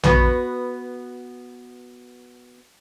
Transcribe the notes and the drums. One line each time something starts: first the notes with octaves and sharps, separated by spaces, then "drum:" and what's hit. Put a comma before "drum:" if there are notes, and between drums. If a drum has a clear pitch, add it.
B3 F#4 B4, drum: tom A#1